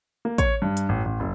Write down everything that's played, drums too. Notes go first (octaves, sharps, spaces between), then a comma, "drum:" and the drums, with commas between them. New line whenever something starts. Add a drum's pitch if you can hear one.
A#3
C#5, drum: kick, hi-hat
G2
drum: hi-hat
A1
A1
F#1